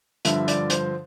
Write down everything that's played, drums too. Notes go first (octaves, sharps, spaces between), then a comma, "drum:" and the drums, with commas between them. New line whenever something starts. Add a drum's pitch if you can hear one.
G2 D3 F3 E5, drum: hi-hat
D5, drum: hi-hat
C5, drum: hi-hat